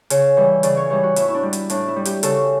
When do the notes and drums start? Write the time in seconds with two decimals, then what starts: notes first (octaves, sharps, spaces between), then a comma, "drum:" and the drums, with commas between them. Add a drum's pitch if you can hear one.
0.10 C#3 C#5, drum: hi-hat
0.37 E3 G3
0.63 C#3 D5, drum: hi-hat
0.77 C#5
0.90 E3 G3 C#5
1.03 F#4
1.16 A2 E4, drum: hi-hat
1.28 E4
1.34 D4
1.43 G3
1.53 E4, drum: hi-hat
1.70 A2 D4, drum: hi-hat
1.88 E4
1.96 G3
2.05 G4, drum: hi-hat
2.23 C#3 A4, drum: hi-hat